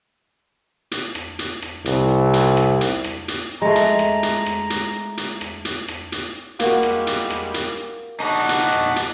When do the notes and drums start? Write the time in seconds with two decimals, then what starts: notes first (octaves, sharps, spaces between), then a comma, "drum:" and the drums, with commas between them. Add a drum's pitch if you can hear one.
0.91 drum: hi-hat
1.15 drum: rim click
1.39 drum: hi-hat
1.62 drum: rim click
1.85 C2, drum: hi-hat
2.33 drum: hi-hat
2.57 drum: rim click
2.81 drum: hi-hat
3.04 drum: rim click
3.28 drum: hi-hat
3.62 G#3 A3 A#5
3.75 drum: hi-hat
3.99 drum: rim click
4.23 drum: hi-hat
4.46 drum: rim click
4.70 drum: hi-hat
5.17 drum: hi-hat
5.41 drum: rim click
5.65 drum: hi-hat
5.88 drum: rim click
6.12 drum: hi-hat
6.59 G3 G#3 A#3 F#4 G4, drum: hi-hat
6.83 drum: rim click
7.07 drum: hi-hat
7.30 drum: rim click
7.54 drum: hi-hat
8.20 D#4 F#4 A5 D6
8.49 drum: hi-hat
8.72 drum: rim click
8.96 drum: hi-hat